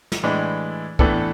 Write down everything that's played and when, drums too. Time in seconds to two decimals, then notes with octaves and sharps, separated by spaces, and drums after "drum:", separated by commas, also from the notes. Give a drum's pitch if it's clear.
0.12 drum: snare
0.23 A2 E3 G#3 D4
0.99 A2 E3 B3 D4 A4, drum: kick